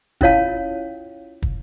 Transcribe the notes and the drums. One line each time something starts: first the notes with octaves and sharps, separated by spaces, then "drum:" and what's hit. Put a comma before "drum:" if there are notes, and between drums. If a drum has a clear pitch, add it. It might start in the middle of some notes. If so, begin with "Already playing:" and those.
C#4 E4 F4 C#5 F5 A5, drum: kick
drum: kick